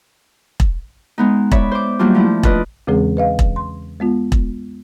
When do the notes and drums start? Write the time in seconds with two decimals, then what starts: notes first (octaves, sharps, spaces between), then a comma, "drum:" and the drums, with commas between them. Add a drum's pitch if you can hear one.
0.60 drum: kick E1
1.18 G#3 B3 D#4
1.52 C#5 D5 E5 B5, drum: kick E1
1.71 C5 D6
1.99 F#3 G3 A#3 D4 F4
2.15 F3 A3 E4
2.43 D4 F4 B4 D5 D#5, drum: kick E1
2.87 E2 C#3 E3 G#3 C4 G#4
3.17 B4 D#5 F5
3.39 drum: kick E1
3.56 C6
4.00 G#3 B3 F4
4.32 drum: kick E1